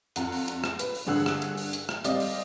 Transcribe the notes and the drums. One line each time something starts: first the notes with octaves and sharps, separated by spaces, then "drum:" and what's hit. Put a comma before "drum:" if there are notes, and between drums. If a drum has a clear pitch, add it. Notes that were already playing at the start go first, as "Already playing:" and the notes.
F2 F#5 A#5, drum: hi-hat
drum: open hi-hat
drum: hi-hat
drum: rim click
B4, drum: hi-hat
drum: open hi-hat
G2 D3 G#4 F#5 E6 F#6
drum: rim click
drum: hi-hat
drum: open hi-hat
drum: hi-hat
drum: rim click
G3 C4 D5 D#5 F5, drum: hi-hat
drum: open hi-hat